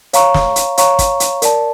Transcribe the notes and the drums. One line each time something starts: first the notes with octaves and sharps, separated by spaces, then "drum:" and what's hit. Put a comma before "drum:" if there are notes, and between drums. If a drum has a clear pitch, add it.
C#5 F5 A#5 C#6, drum: hi-hat
drum: snare
drum: hi-hat
C#5 F5 A#5 C#6, drum: hi-hat
drum: kick, hi-hat
drum: hi-hat
A#4 D5 A5, drum: hi-hat